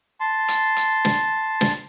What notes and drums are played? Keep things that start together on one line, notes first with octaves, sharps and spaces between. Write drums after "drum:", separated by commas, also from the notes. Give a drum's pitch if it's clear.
A5 C6
drum: hi-hat
drum: hi-hat
drum: snare
drum: snare